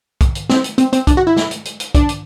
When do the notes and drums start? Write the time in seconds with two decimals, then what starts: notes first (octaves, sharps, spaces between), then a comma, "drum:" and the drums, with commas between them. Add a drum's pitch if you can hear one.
0.21 drum: kick B1, hi-hat
0.35 drum: hi-hat
0.50 C4, drum: snare
0.64 drum: hi-hat
0.78 C4, drum: hi-hat
0.93 C4, drum: hi-hat
1.07 D4, drum: kick B1, hi-hat
1.17 F#4
1.27 E4
1.36 drum: snare
1.51 drum: hi-hat
1.65 drum: hi-hat
1.80 drum: hi-hat
1.95 D4, drum: kick B1, hi-hat
2.09 drum: hi-hat